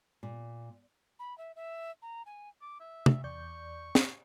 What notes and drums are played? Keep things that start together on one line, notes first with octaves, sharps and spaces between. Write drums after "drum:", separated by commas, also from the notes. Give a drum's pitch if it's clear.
A#2
B5
E5
E5
A#5
G#5
D6
E5
drum: tom
E2 D5 C#6 G6
drum: snare